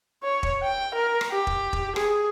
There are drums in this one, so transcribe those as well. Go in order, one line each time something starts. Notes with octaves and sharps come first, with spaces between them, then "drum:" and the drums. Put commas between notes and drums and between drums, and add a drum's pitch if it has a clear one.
C#5
drum: kick E1
G5
A#4
drum: rim click
G4
drum: kick E1
drum: kick E1
G#4, drum: rim click